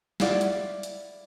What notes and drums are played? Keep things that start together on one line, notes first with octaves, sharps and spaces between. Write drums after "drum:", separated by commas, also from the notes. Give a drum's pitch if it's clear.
E4 F4 D5 F#5, drum: snare
drum: hi-hat
drum: hi-hat